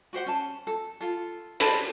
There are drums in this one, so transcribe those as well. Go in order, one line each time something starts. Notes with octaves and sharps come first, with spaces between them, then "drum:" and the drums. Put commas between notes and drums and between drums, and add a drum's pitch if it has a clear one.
F#4 G4 C5 F#5
C#4 A5
A4
F4 A4
C5 D5 A5 B5, drum: hi-hat